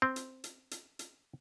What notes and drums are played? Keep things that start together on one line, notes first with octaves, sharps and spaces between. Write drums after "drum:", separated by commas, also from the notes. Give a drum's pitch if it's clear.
C4
drum: hi-hat
drum: hi-hat
drum: hi-hat
drum: hi-hat